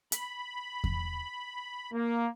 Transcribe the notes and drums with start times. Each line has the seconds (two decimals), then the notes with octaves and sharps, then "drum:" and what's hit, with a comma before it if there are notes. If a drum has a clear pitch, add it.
0.12 B5, drum: hi-hat
0.84 drum: kick E2
1.92 A#3